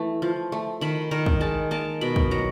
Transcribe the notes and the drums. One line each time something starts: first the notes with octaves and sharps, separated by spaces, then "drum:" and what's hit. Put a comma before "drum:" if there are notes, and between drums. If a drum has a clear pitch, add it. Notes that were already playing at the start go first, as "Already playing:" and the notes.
Already playing: E3 A3
F3
A3
D#3 B5
D#3 A#5
drum: kick
G#3 A5
A#3 A5
B2 B5
drum: kick
F#3 A#5